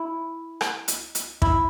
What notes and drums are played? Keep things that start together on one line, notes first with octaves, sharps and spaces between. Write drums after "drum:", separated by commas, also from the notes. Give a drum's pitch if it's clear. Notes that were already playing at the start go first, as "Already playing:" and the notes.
Already playing: E4
drum: rim click
drum: hi-hat
drum: hi-hat
E4, drum: kick